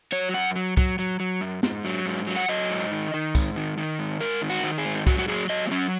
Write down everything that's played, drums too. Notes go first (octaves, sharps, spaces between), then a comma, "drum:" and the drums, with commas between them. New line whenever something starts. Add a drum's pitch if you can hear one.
F#3 C#5
F#2 F#5
F#3
F#3, drum: kick C2
F#3
F#3
F#2
G#2, drum: snare
F#3
G#2
F#3
F#5
F#3 D#5
G#2
D#3
D#3
G#2, drum: kick C2, tambourine
D#3
D#3
G#2
G#2 A#4
D#3
F#4, drum: tambourine
D#3
G#4
G#2
D#4
F#3 F#4, drum: kick C2, tambourine
F#4
F#3 G#4
F#3 D#5
A#3
F#3 C#4